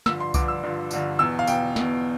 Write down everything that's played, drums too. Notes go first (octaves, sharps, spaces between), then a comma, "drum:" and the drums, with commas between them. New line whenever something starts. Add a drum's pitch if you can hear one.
G2 D3 F3 E6, drum: snare
C6
G2 D3 F3 D6, drum: kick C2, tambourine
E6
G2 D3 F3
G2 D3 F3, drum: tambourine
E2 B2 E6
F5
E2 B2 G5, drum: tambourine
E2 B2, drum: snare